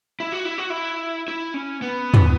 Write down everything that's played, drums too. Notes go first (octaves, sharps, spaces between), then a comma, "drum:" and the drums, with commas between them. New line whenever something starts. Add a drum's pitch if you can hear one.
E4
F#4
E4
F#4
E4
E4
C#4
B3
drum: tom